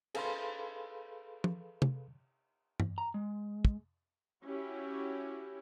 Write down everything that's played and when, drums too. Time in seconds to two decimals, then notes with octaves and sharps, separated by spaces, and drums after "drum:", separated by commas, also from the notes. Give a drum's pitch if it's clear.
0.15 G#4 A4 B4 F5 B5 C6, drum: cymbal
1.44 drum: tom
1.82 drum: tom
2.80 drum: tom G2
2.98 A#5
3.14 G#3
3.65 drum: kick
4.44 C#4 E4 F#4 G4